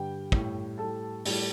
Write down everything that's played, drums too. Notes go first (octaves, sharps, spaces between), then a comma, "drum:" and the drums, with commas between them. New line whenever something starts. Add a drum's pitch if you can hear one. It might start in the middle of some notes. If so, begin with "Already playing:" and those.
Already playing: G2 D3 G3 G5
A2 G3, drum: kick
A2 G3 A4 A5
A2 G3, drum: open hi-hat